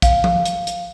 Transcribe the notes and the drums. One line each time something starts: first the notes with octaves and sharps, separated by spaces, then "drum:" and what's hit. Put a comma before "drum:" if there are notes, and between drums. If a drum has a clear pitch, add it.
F5, drum: kick, hi-hat
drum: tom F3
drum: hi-hat
drum: hi-hat